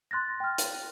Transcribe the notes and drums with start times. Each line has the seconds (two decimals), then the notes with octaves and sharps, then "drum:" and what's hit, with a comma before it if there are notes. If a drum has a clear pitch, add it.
0.11 C6 F#6 A6 A#6
0.40 G5 F6
0.58 drum: hi-hat